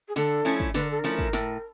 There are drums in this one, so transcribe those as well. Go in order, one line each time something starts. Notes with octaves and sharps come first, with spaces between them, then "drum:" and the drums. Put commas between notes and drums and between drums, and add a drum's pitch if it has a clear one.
G#4
D3 A4, drum: snare
F3 A3 C#4 E4
drum: kick
D3 B4, drum: snare
A#4
A4
A#4
F3 A3 C#4 E4
drum: kick
A2, drum: snare